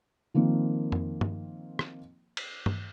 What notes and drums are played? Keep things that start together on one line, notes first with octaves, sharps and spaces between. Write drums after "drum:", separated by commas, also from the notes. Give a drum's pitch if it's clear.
D#3 F3 A#3 C4
drum: tom F2
drum: tom G2
drum: rim click
drum: cymbal
drum: tom G2